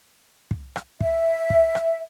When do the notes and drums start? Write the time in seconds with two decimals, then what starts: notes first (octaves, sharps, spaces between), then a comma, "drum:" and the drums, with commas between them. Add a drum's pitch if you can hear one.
0.51 drum: kick
0.76 drum: rim click
1.01 E5, drum: kick
1.50 drum: kick
1.75 drum: rim click